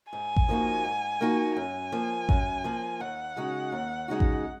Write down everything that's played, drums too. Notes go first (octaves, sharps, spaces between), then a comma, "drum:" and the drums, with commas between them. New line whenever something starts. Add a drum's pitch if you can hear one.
G#2 G#5
drum: kick A1
F3 A#3 D#4 F#4
G#2
F3 A#3 D#4 F#4
F#2 G#5
F3 A#3
F#2, drum: kick A1
F3 A#3
D#2 F#5
C#3 G#3 D#4 F#4
D#2
C#3 G#3 D#4 F#4
drum: kick A1